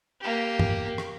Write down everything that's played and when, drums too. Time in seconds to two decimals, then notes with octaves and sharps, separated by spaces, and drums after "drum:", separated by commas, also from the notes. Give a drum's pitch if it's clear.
0.21 A#3 G4
0.59 drum: tom
0.98 drum: rim click